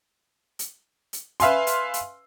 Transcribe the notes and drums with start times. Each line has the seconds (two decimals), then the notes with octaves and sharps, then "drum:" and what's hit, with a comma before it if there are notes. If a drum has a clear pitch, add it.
0.59 drum: hi-hat
1.13 drum: hi-hat
1.40 B4 E5 F5 G#5 C6, drum: hi-hat
1.67 drum: hi-hat
1.94 drum: hi-hat